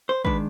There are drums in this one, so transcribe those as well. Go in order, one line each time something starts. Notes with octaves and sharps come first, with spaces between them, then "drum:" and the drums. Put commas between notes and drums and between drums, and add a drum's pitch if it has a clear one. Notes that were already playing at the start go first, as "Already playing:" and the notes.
C5
D#3 G#3 D4 B4, drum: kick